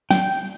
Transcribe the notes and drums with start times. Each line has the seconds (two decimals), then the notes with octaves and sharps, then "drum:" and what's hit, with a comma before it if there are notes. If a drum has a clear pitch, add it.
0.11 G5, drum: snare